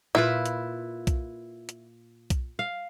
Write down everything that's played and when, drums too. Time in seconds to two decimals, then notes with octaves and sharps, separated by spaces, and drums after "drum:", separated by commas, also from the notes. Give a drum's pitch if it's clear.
0.15 A#2 E4 F4 B4
0.46 drum: hi-hat
1.07 drum: kick B1, hi-hat
1.69 drum: hi-hat
2.30 drum: kick B1, hi-hat
2.59 F5